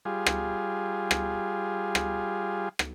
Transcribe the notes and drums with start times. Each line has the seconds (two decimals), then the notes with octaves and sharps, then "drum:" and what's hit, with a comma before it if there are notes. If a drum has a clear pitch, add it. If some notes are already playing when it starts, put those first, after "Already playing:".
0.05 G3 F4 G#4
0.26 drum: rim click
1.11 drum: rim click
1.95 drum: rim click
2.79 drum: rim click